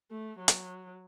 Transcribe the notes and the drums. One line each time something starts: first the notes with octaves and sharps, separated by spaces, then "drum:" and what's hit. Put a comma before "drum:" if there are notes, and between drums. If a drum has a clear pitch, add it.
A3
F#3
drum: hi-hat